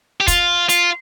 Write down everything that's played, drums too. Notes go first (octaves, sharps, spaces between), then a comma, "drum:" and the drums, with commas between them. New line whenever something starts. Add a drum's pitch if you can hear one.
G4
F4, drum: kick, hi-hat
F4, drum: hi-hat